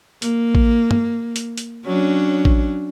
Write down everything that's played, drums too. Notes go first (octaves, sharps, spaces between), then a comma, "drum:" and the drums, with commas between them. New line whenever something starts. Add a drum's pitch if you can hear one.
A#3, drum: hi-hat
drum: kick A1
drum: tom
drum: hi-hat
drum: hi-hat
F#3 C#4 D4
drum: kick A1